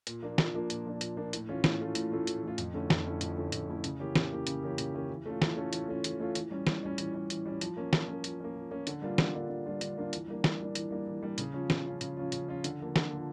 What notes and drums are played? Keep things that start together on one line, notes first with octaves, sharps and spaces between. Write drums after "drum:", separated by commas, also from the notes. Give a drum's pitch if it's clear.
A#2, drum: hi-hat
F3 A#3 D4
A#2, drum: snare
F3 A#3 D4
A#2, drum: hi-hat
F3 A#3 D4
A#2, drum: hi-hat
F3 A#3 D4
A2, drum: hi-hat
E3 A3 C#4 F4
A2, drum: snare
E3 A3 C#4 F4
A2, drum: hi-hat
E3 A3 C#4 F4
A2, drum: hi-hat
E3 A3 C#4 F4
F2, drum: hi-hat
D3 A3 C#4 E4
F2, drum: snare
D3 A3 C#4 E4
F2, drum: hi-hat
D3 A3 C#4 E4
F2, drum: hi-hat
D3 A3 C#4 E4
C#3, drum: hi-hat
E3 A#3 C#4 G4
C#3, drum: snare
E3 A#3 C#4 G4
C#3, drum: hi-hat
E3 A#3 C#4 G4
C#3, drum: hi-hat
E3 A#3 C#4 G4
E3
A3 C#4 F4
E3, drum: snare
A3 C#4 F4
E3, drum: hi-hat
A3 C#4 F4
E3, drum: hi-hat
A3 C#4 F4
E3, drum: hi-hat
G3 C#4
E3, drum: snare
G3 C#4
E3, drum: hi-hat
G3 C#4
E3, drum: hi-hat
G3 C#4
F3, drum: hi-hat
A#3 C#4
F3, drum: snare
A#3 C#4
F3, drum: hi-hat
A#3 C#4
F3
A#3 C#4
D3, drum: hi-hat
G3 A#3 D4 F4
D3, drum: snare
G3 A#3 D4 F4
D3
G3 A#3 D4 F4
D3, drum: hi-hat
G3 A#3 D4 F4
E3, drum: hi-hat
G3 A#3 D4
E3, drum: snare
G3 A#3 D4
E3, drum: hi-hat
G3 A#3 D4
E3
G3 A#3 D4
C#3, drum: hi-hat
F3 C#4 F4
C#3, drum: snare
F3 C#4 F4
C#3, drum: hi-hat
F3 C#4 F4
C#3, drum: hi-hat
F3 C#4 F4
D3, drum: hi-hat
F3 A#3
D3, drum: snare
F3 A#3